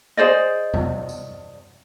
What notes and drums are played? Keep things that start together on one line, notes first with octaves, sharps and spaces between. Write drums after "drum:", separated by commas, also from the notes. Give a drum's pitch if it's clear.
G#4 C5 D5 D#5
drum: tom E2
drum: tambourine